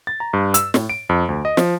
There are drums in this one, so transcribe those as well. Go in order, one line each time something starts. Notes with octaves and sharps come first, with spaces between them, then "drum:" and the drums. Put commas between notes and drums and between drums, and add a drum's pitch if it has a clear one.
A6
A#5
G2
E6, drum: hi-hat
A2, drum: snare
D7
F2
D2
D#5
F3, drum: snare